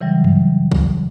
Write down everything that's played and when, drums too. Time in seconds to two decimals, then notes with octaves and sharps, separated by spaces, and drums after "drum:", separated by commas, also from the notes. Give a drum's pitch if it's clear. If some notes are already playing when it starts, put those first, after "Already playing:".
0.01 C#3 E3 F#3 G3
0.24 drum: tom F#2
0.72 drum: kick